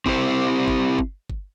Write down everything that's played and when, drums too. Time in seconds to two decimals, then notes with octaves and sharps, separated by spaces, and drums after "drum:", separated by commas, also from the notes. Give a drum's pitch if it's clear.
0.06 C4 E4 G4 C5, drum: kick G1
0.68 drum: kick G1
0.99 drum: kick G1
1.30 drum: kick G1